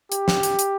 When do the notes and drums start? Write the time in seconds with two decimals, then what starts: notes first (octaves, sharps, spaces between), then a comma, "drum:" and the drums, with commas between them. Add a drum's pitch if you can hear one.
0.12 G4, drum: hi-hat
0.28 drum: snare
0.43 drum: hi-hat
0.59 drum: hi-hat